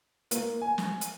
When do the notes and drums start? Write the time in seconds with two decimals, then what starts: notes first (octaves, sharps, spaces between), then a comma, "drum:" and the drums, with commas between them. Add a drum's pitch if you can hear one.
0.31 A#3, drum: hi-hat
0.61 G#5
0.78 drum: snare
1.01 drum: hi-hat